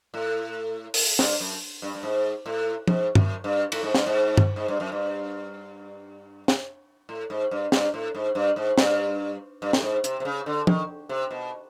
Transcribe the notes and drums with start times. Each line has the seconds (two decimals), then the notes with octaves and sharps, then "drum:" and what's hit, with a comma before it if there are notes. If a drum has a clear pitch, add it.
0.14 A2
0.94 drum: open hi-hat
1.19 G2, drum: snare
1.40 F#2
1.82 G2
1.95 G2
2.03 G#2
2.46 A2
2.88 G#2, drum: tom
3.15 F#2, drum: tom G2
3.44 G2
3.72 A2, drum: cymbal
3.83 G#2
3.95 G2, drum: snare
4.06 G#2
4.37 drum: tom G2
4.56 G#2
4.68 G2
4.80 F#2
4.92 G2
6.48 drum: snare
7.09 A2
7.30 G#2
7.51 G2
7.72 G2, drum: snare
7.94 A2
8.15 G#2
8.35 G2
8.56 G#2
8.78 G2, drum: snare
9.62 G2
9.73 A2, drum: snare
9.83 G#2
10.04 C3, drum: hi-hat
10.20 C3
10.25 C#3
10.46 D3
10.67 D#3, drum: tom
11.09 C3
11.30 B2